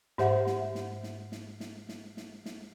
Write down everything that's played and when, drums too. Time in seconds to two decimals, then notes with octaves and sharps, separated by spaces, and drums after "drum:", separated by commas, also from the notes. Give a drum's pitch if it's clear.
0.18 G#2 G4 C5 E5 F#5, drum: snare
0.47 drum: snare
0.75 drum: snare
1.04 drum: snare
1.32 drum: snare
1.60 drum: snare
1.89 drum: snare
2.17 drum: snare
2.46 drum: snare